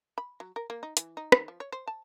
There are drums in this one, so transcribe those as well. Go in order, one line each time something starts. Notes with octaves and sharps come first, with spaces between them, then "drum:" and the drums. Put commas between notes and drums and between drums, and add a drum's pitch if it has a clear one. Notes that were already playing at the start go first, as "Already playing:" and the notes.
B5
F#3
A#4
A#3
D#4
E3, drum: hi-hat
D#4
D#3, drum: rim click
F3
C#5
C5
A5